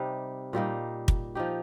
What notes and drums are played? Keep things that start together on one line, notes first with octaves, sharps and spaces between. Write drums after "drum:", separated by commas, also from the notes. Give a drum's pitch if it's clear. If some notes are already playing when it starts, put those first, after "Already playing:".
Already playing: C3 G3 D#4
A#2 G3 A#3 D#4
drum: kick
F3 D#4 G4